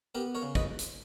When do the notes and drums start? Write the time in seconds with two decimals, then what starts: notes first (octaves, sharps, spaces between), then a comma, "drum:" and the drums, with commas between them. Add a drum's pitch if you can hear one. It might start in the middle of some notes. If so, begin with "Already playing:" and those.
0.15 B3 G4 A#4
0.35 A#4 C#5
0.42 C#3
0.55 B4 D#5, drum: kick
0.79 drum: hi-hat